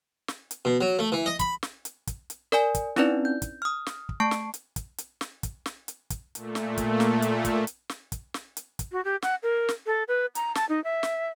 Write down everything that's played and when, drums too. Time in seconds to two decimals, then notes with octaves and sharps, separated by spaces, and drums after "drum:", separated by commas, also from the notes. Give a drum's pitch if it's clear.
0.28 drum: snare
0.51 drum: hi-hat
0.65 B2
0.81 F#3
0.99 A3
1.12 E3
1.26 D#5
1.39 B5, drum: kick, hi-hat
1.63 drum: snare
1.85 drum: hi-hat
2.07 drum: kick, hi-hat
2.30 drum: hi-hat
2.52 A#4 D5 G#5, drum: snare
2.75 drum: kick, hi-hat
2.96 C4 C#4 D#4 E4 B4 D5, drum: snare
3.25 G6
3.42 drum: kick, hi-hat
3.62 D#6 F6
3.86 drum: snare
4.09 drum: kick
4.20 A3 A5 C#6 C7 D7
4.31 drum: snare
4.54 drum: hi-hat
4.76 drum: kick, hi-hat
4.98 drum: hi-hat
5.21 drum: snare
5.43 drum: kick, hi-hat
5.66 drum: snare
5.88 drum: hi-hat
6.10 drum: kick, hi-hat
6.35 A#2 A3, drum: hi-hat
6.55 drum: snare
6.78 drum: kick, hi-hat
7.00 drum: snare
7.22 drum: hi-hat
7.45 drum: kick, hi-hat
7.67 drum: hi-hat
7.89 drum: snare
8.12 drum: kick, hi-hat
8.34 drum: snare
8.57 drum: hi-hat
8.79 drum: kick, hi-hat
8.92 F#4
9.05 G4
9.22 F#5, drum: snare
9.43 A#4
9.69 drum: snare
9.86 A4
10.08 B4
10.35 A#5, drum: hi-hat
10.55 A5, drum: snare
10.69 D#4
10.84 E5
11.03 drum: snare